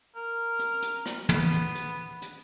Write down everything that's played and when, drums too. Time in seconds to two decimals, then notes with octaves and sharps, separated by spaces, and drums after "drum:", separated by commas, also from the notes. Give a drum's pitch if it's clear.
0.16 A#4
0.59 drum: hi-hat
0.82 drum: hi-hat
1.06 drum: rim click
1.29 B3, drum: tom
1.52 drum: hi-hat
1.75 drum: hi-hat
2.22 drum: hi-hat